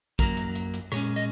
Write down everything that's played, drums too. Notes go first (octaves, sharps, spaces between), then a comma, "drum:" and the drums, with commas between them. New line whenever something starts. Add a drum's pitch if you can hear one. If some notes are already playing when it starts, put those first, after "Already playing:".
F#2 F#3 A#3 A#4, drum: kick, hi-hat
drum: hi-hat
drum: hi-hat
drum: hi-hat
A#2 G#3 C#4 C#5, drum: rim click
D#5